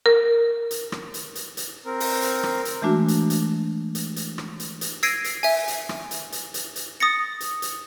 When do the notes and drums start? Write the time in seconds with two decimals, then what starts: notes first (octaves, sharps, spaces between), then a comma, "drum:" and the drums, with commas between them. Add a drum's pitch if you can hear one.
0.06 A#4
0.71 drum: hi-hat
0.92 drum: rim click
1.14 drum: hi-hat
1.35 drum: hi-hat
1.57 drum: hi-hat
1.85 C4 A#4
2.00 drum: open hi-hat
2.22 drum: hi-hat
2.43 drum: rim click
2.65 drum: hi-hat
2.82 E3 G#3 A3 D4 F#4
3.08 drum: hi-hat
3.30 drum: hi-hat
3.95 drum: hi-hat
4.16 drum: hi-hat
4.38 drum: rim click
4.60 drum: hi-hat
4.81 drum: hi-hat
5.03 E6 G#6 A#6 C7 D7 D#7, drum: hi-hat
5.24 drum: hi-hat
5.43 E5 G#5, drum: open hi-hat
5.68 drum: hi-hat
5.89 drum: rim click
6.11 drum: hi-hat
6.32 drum: hi-hat
6.54 drum: hi-hat
6.76 drum: hi-hat
7.00 D#6 A6 A#6 C#7
7.40 drum: hi-hat
7.62 drum: hi-hat